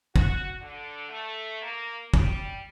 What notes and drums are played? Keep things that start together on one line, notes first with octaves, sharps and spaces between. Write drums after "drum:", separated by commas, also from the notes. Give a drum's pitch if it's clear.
F#4, drum: kick
D3
A3
A#3
G3, drum: kick